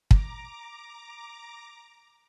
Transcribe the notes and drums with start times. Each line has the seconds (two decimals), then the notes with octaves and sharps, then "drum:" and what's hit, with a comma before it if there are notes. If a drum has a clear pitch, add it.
0.11 A#5 D6, drum: kick